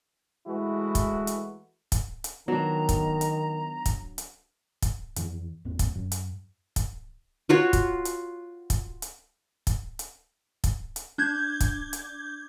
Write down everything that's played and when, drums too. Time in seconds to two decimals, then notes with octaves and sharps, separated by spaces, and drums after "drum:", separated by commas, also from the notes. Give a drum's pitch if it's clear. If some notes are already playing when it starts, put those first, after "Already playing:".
0.47 E3 G#3 A3 E4 F#4
0.95 drum: kick, hi-hat
1.27 drum: hi-hat
1.92 drum: kick, hi-hat
2.24 drum: hi-hat
2.48 D#3 F#3 B3 D4 A#5
2.89 drum: kick, hi-hat
3.21 drum: hi-hat
3.86 drum: kick, hi-hat
4.18 drum: hi-hat
4.82 drum: kick, hi-hat
5.16 F2 E3, drum: hi-hat
5.65 G1 E2 A#2 C4
5.79 drum: kick, hi-hat
5.95 F#2
6.12 drum: hi-hat
6.76 drum: kick, hi-hat
7.49 F4 F#4 C#5
7.73 drum: kick, hi-hat
8.05 drum: hi-hat
8.70 drum: kick, hi-hat
9.02 drum: hi-hat
9.67 drum: kick, hi-hat
9.99 drum: hi-hat
10.64 drum: kick, hi-hat
10.96 drum: hi-hat
11.18 D4 G6 G#6
11.60 drum: kick, hi-hat
11.93 drum: hi-hat